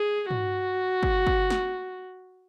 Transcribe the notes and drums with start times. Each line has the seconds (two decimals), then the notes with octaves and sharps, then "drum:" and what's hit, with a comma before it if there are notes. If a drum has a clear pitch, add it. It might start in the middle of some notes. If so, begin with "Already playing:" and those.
Already playing: G#4
0.31 F#4, drum: tom
1.03 drum: kick
1.27 drum: kick
1.50 drum: snare